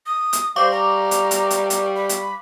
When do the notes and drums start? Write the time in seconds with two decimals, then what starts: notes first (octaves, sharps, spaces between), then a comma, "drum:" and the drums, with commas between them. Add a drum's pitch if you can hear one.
0.06 D#6
0.33 drum: hi-hat
0.56 G3 C5 F5 C#6 D6
0.72 A#5
1.11 drum: hi-hat
1.31 drum: hi-hat
1.50 drum: hi-hat
1.70 drum: hi-hat
1.96 B5
2.09 drum: hi-hat